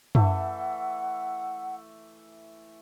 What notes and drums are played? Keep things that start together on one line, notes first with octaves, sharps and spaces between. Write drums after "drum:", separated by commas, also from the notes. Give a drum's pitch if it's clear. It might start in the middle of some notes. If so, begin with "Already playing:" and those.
E3 A3 E5 F#5, drum: tom